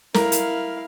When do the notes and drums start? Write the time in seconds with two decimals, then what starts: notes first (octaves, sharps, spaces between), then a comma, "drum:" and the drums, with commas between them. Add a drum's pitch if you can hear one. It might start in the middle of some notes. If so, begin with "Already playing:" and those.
0.14 E4 A#4 F5, drum: snare
0.32 drum: hi-hat